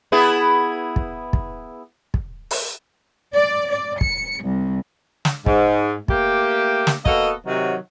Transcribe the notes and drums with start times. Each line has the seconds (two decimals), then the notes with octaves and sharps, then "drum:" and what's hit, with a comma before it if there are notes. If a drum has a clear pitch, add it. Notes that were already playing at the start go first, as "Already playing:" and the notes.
0.12 B3 E4 G#4
0.96 drum: kick
1.33 drum: kick
2.14 drum: kick
2.51 drum: open hi-hat
3.35 D5
3.70 D5
4.01 C#7, drum: kick
4.43 C2
5.25 drum: snare
5.46 G#2, drum: kick
6.08 A3 A#3 G4, drum: kick
6.87 drum: snare
7.06 A#3 B3 F#4 A4 D#5, drum: kick
7.46 C3 D#3 F#3